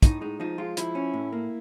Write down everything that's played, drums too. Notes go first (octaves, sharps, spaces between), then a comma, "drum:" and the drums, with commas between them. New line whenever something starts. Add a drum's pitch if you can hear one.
A2 D#4, drum: kick, hi-hat
G#3 D#4
F3 D#4
G#3 F4
F3 E4, drum: hi-hat
C#4
A2
A#3